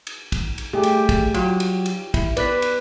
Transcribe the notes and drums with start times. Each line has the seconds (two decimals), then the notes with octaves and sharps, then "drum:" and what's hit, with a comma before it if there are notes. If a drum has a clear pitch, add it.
0.07 drum: cymbal
0.32 drum: kick, cymbal
0.58 drum: cymbal
0.73 A3 G4 G#4
0.83 drum: cymbal
1.09 drum: kick, cymbal
1.34 F#3 F4 F#4, drum: cymbal
1.60 drum: cymbal
1.86 drum: cymbal
2.14 E4, drum: kick, cymbal
2.37 B4 D5 F#6 B6, drum: cymbal
2.62 drum: cymbal